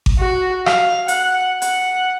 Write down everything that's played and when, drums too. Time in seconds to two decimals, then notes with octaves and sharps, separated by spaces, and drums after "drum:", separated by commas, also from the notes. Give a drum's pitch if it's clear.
0.06 drum: kick G#1
0.19 F#4
0.66 F5, drum: rim click
1.08 F#5, drum: hi-hat
1.62 F#5, drum: hi-hat